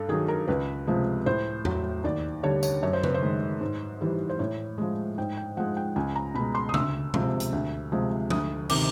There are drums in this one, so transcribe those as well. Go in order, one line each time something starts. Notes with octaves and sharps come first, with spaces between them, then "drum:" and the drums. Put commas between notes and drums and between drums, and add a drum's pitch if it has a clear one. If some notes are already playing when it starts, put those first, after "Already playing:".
Already playing: G2 A4
D#3 F#3 G#4
A#4
C#2 B4
C3 F3 G#3
A2 C5
F#3, drum: tom E2
D#2 D5
D3 G3 C#5
C#5, drum: tambourine
F#2 C#5
C5
B4, drum: tom C#3
C5
D#3 G#3
G#2
E3 G3
C5
A2 C#5
F3 G#3
G#2 G5
G5
F3 G#3 F#5
G5
C#2 G#5
A#5
B2 G#3 B5
C6
D#6
D2 E6, drum: tom C#3
C3 F3 G#3, drum: tom B2
drum: hi-hat
D2
C3 F3 G#3
D2 D#6, drum: tom F3
C3 D#3 D6, drum: cymbal